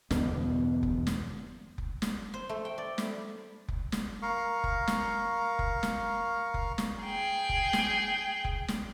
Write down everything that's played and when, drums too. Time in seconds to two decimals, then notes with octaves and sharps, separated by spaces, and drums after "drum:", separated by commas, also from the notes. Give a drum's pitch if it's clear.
0.11 G1 E2 B2 B3, drum: snare
0.83 drum: kick F1
1.07 drum: snare
1.78 drum: kick F1
2.02 drum: snare
2.34 C5
2.49 A3
2.65 G5
2.78 D5
2.98 B5, drum: snare
3.68 drum: kick F1
3.92 drum: snare
4.22 A#4 F5 C#6
4.64 drum: kick F1
4.87 drum: snare
5.59 drum: kick F1
5.83 drum: snare
6.54 drum: kick F1
6.78 drum: snare
7.03 G#4 G5
7.49 drum: kick F1
7.73 drum: snare
8.45 drum: kick F1
8.68 drum: snare